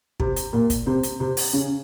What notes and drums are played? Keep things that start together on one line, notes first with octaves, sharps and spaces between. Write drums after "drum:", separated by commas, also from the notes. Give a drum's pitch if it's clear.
C3 C4, drum: kick
drum: hi-hat
A#2 A#3
drum: kick, hi-hat
C3 C4
drum: hi-hat
C3 C4
drum: open hi-hat
C#3 C#4